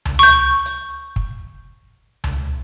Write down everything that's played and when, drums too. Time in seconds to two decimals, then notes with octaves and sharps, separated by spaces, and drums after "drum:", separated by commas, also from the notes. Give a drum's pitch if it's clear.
0.05 drum: tom C#2
0.19 C#6 G6
0.66 drum: hi-hat
1.16 drum: kick
2.24 drum: tom C#2